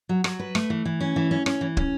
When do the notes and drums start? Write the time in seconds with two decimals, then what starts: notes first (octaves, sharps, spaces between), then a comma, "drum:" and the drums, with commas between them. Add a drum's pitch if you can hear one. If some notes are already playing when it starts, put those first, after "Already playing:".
0.09 F#3
0.24 F#3, drum: rim click
0.39 B4
0.55 A3, drum: rim click
0.70 E3
0.85 E3
1.00 C#4
1.16 E3
1.31 C#4
1.46 C#4, drum: rim click
1.61 E3
1.77 C#4, drum: kick